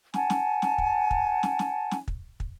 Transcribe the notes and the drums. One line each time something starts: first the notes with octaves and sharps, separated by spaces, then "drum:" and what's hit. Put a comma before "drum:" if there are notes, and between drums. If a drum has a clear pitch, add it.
F#5 G#5 A5, drum: snare
drum: snare
drum: snare
drum: kick
drum: kick
drum: snare
drum: snare
drum: snare
drum: kick
drum: kick